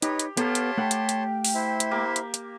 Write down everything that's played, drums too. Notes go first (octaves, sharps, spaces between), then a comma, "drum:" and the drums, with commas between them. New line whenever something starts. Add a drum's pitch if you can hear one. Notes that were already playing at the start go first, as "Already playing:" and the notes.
D#4 G4 B4 C#5 D#5, drum: hi-hat
drum: hi-hat
B3 G4 A4 C#5 F5 A5 A#5 C6, drum: hi-hat
drum: hi-hat
A3 F#5 G5 B5
drum: hi-hat
drum: hi-hat
drum: open hi-hat
E4 C5 E5
drum: hi-hat
A#3 G4
drum: hi-hat
drum: hi-hat